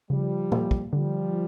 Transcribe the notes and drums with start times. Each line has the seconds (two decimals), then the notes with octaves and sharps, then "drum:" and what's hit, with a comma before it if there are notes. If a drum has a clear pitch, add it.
0.10 C#3 F3 G3
0.52 A#3, drum: tom A#2
0.71 drum: kick
0.93 D3 F3 G3